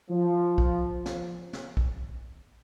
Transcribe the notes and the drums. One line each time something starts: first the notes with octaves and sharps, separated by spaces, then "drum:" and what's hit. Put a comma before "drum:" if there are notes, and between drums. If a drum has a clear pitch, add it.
F3
drum: kick
drum: snare
drum: snare
drum: kick